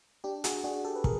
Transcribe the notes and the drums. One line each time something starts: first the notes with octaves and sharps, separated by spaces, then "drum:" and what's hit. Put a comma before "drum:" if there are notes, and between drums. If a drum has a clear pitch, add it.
D4 G4
F#4 G#4, drum: hi-hat
D4 F#4 G#4
G4 A4
B4
G#4 A#4, drum: kick